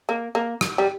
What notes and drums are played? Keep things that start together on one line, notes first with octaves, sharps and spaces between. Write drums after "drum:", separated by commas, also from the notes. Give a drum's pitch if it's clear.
A#3
A#3
drum: rim click
G3